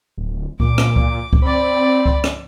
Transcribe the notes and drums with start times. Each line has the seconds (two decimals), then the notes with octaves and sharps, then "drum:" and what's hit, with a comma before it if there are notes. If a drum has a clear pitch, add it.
0.18 D1
0.60 A#2 D6, drum: kick C#2
0.78 drum: rim click
0.96 drum: kick C#2
1.33 drum: kick C#2
1.42 C4 D5 B5
2.06 drum: kick C#2
2.24 drum: rim click